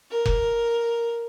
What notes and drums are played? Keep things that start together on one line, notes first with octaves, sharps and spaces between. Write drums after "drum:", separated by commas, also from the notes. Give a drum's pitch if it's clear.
A#4
drum: kick F1